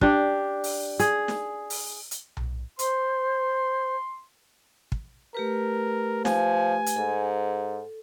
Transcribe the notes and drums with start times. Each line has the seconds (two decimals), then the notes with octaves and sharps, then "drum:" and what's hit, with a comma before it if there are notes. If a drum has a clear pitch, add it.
0.01 D4 G4, drum: kick
0.64 drum: open hi-hat
0.99 G#4, drum: hi-hat
1.28 drum: snare
1.70 drum: open hi-hat
2.11 drum: hi-hat
2.37 drum: tom B1
2.79 C5 C6, drum: hi-hat
4.92 drum: kick
5.35 A3 G4 A#4 B4
6.25 F3 G#5, drum: snare
6.86 drum: hi-hat
6.97 G#2 A4